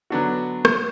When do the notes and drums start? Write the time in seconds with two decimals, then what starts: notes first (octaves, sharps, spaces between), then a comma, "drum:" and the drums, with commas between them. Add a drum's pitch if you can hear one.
0.10 D3 F#3 B3 D4 F#4
0.65 drum: rim click